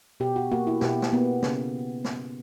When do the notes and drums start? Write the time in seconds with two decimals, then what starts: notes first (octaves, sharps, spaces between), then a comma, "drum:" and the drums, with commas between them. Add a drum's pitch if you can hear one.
0.20 B2 G4
0.36 F#4
0.52 A#3 F#4
0.67 E4
0.81 B2 G4, drum: snare
1.02 drum: snare
1.12 A#3 B3
1.42 C#3, drum: snare
2.04 drum: snare